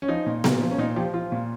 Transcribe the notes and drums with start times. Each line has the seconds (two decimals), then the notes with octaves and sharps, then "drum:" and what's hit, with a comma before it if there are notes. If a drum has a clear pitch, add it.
0.02 C#4
0.08 F3 D#4
0.26 A#2
0.44 A#2, drum: snare B3
0.61 F3
0.71 C#4
0.78 A#2 D#4
0.96 F3 G4
1.14 F3 F4
1.32 A#2